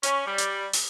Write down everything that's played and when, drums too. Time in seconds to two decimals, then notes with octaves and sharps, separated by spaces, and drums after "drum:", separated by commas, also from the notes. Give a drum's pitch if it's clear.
0.03 C#4, drum: hi-hat
0.26 G3
0.38 drum: hi-hat
0.73 drum: open hi-hat